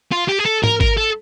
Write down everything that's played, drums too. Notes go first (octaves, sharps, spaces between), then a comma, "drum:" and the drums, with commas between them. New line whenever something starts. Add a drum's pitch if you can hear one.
F4
G4
G#4
A4
A#4, drum: tom G#2
A#4, drum: kick G#1
A4